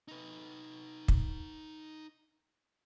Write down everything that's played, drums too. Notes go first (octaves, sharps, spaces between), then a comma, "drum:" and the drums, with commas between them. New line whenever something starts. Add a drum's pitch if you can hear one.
D#4 B4
drum: kick